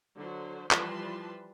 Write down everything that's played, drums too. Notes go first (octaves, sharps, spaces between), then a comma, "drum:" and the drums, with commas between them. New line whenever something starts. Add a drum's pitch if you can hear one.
D3 F#3 C5
E3 F3 G3 B4 A5 C6, drum: clap